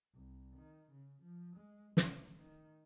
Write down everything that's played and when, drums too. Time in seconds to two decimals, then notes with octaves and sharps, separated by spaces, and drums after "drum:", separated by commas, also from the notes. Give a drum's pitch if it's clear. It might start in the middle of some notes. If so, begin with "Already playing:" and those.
0.13 C2
0.57 D#3
0.91 C#3
1.22 F3
1.56 G#3
1.97 A1, drum: snare
2.36 D#3